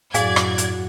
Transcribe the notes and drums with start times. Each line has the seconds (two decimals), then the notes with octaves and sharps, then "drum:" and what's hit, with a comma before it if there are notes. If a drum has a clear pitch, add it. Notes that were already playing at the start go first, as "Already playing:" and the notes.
0.14 F#2 A2 F#4 G#4 D5 F5 G#5 G#6, drum: hi-hat
0.36 drum: rim click
0.58 drum: hi-hat